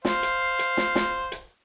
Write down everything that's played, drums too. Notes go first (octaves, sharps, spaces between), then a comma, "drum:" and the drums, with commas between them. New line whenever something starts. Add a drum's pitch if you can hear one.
C5 F5, drum: snare
drum: hi-hat
drum: hi-hat
drum: snare
drum: snare
drum: hi-hat